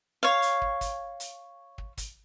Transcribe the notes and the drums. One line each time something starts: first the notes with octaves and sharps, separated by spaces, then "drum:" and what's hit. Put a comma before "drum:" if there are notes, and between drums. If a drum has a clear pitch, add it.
C#5 F5
drum: hi-hat
drum: kick
drum: kick, hi-hat
drum: hi-hat
drum: kick
drum: kick, hi-hat